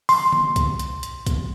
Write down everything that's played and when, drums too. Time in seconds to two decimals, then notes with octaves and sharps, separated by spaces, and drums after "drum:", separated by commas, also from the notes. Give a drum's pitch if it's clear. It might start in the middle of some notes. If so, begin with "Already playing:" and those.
0.09 C6, drum: open hi-hat
0.32 drum: tom
0.56 drum: kick, hi-hat
0.79 drum: hi-hat
1.03 drum: hi-hat
1.27 drum: kick, hi-hat